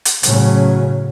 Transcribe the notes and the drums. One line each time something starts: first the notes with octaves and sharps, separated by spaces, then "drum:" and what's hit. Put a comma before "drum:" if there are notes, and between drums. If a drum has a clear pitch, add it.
drum: hi-hat
A2 C#3 F#3 C#4, drum: hi-hat